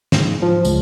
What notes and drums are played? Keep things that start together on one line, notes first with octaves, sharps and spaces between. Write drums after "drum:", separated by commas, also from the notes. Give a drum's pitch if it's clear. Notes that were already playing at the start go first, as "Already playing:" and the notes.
G#2, drum: snare
F3
C#2, drum: tambourine